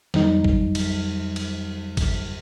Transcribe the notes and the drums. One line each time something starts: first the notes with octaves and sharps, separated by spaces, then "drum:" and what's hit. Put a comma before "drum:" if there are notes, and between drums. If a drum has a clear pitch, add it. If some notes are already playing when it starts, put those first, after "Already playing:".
F2 D#3 F#3 G3 D#4, drum: snare
drum: kick
drum: cymbal
drum: cymbal
drum: kick, cymbal